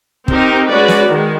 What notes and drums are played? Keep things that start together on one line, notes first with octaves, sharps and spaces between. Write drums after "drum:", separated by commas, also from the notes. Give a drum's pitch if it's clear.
C4 D#4 G4 A#4, drum: kick
G#3 C#4 F#4 B4 D5
drum: snare
D#3 G#3